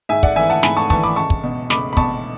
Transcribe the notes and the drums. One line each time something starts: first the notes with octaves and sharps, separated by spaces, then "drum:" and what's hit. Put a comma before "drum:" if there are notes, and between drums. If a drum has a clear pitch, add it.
G#2 E5 G#5
D5 F#5, drum: kick
E3 E5 G#5
F#5 A5
G#2 G#5 B5, drum: snare
A5 C#6
E3 A5 C#6, drum: kick
B5 D6
C#2 A5 C#6
drum: kick
B2
C#2 B5 D6, drum: snare
B5
B2 A5 C#6, drum: kick